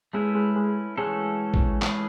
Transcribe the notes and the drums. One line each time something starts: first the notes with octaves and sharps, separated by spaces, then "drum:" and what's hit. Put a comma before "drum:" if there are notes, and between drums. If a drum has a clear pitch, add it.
G#3 A3 C#4 E4 B4
G#3
G#3
E3 G#3 A3 C#4 F#4 A4
drum: kick A1
E3 A3 C#4 G#4 B4, drum: clap